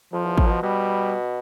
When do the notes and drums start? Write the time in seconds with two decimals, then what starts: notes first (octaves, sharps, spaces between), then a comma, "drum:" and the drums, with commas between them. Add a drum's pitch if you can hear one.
0.13 F2 F3
0.26 E2
0.38 A2, drum: kick
0.46 A#2
0.50 B2
0.63 B2 G3